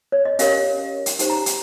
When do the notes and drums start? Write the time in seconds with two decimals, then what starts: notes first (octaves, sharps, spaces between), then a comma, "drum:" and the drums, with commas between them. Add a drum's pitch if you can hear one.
0.12 C#5
0.25 D#5
0.39 C#4 G4 A#4 C#5 F5, drum: hi-hat
1.06 drum: hi-hat
1.19 D#4 G4 C5, drum: hi-hat
1.30 A#5
1.46 drum: hi-hat